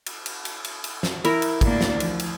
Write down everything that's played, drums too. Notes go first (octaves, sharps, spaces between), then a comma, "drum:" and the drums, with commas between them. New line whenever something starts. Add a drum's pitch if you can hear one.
drum: cymbal
drum: cymbal
drum: cymbal
drum: cymbal
drum: cymbal
drum: snare
E4 A#4, drum: cymbal
drum: cymbal
D2 A#3 D4, drum: kick, cymbal
drum: snare
F3, drum: cymbal
drum: cymbal